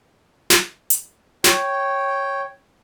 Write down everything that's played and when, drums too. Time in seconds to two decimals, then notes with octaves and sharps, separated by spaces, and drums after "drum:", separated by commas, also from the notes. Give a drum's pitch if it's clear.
0.50 drum: snare
0.90 drum: hi-hat
1.44 C#5 G5, drum: snare